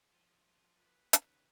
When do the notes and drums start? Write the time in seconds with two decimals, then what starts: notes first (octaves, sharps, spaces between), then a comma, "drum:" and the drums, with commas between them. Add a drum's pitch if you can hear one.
0.13 F3
0.77 B4
1.13 D#3 C#4, drum: hi-hat